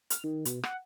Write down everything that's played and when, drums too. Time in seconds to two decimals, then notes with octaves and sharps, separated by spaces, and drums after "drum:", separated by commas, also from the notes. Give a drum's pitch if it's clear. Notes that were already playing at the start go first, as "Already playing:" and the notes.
0.10 F6, drum: hi-hat
0.24 D#3
0.45 B2, drum: hi-hat
0.63 F#5, drum: rim click